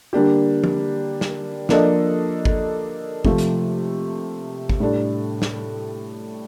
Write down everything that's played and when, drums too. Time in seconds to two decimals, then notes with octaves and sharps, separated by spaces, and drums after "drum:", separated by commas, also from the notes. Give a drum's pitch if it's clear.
0.13 D3 G3 A#3 D4 G4
0.64 drum: tom
1.21 drum: snare
1.69 F3 A#3 D4 A4 D#5, drum: snare
2.45 drum: kick G#1
3.25 C3 F3 A3, drum: kick G#1
3.38 drum: hi-hat
4.70 drum: kick G#1
4.80 A2 G3 D4 A4
5.42 drum: snare